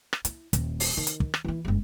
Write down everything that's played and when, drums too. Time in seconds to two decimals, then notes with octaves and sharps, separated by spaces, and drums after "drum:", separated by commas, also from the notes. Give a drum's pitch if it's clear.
0.13 drum: rim click
0.25 E4, drum: hi-hat
0.53 D#1, drum: kick, hi-hat
0.80 drum: open hi-hat
0.97 D#3
1.07 drum: hi-hat
1.20 drum: kick
1.34 drum: rim click
1.45 E3 E4
1.65 F#1 G#3